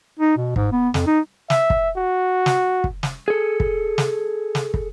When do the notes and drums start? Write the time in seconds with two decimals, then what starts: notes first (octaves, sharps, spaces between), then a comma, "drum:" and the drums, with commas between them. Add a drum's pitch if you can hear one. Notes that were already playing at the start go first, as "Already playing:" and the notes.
0.19 D#4
0.37 B2
0.56 G#2, drum: kick
0.72 B3
0.94 F2, drum: snare
1.06 D#4
1.50 E5, drum: snare
1.70 drum: kick
1.96 F#4
2.46 drum: snare
2.84 drum: kick
3.03 drum: snare
3.28 G#4 A4
3.60 drum: kick
3.98 drum: snare
4.55 drum: snare
4.74 drum: kick